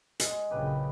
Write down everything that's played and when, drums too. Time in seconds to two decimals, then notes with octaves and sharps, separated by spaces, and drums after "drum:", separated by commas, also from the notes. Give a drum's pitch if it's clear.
0.20 G#3, drum: hi-hat
0.51 A#1 F#2 C#3 G4 B4